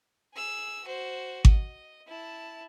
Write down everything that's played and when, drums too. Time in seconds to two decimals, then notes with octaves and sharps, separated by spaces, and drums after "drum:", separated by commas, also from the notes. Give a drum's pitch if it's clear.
0.34 G#4 E6
0.84 F#4 C5
1.45 D#5, drum: kick G#1
2.07 E4 A5